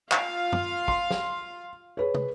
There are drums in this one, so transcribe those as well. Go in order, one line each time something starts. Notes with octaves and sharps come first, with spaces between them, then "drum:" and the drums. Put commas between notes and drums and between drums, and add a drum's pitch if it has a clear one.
F4 F5, drum: clap
drum: tom
C6, drum: kick
drum: snare
G#4 B4 C#5
drum: tom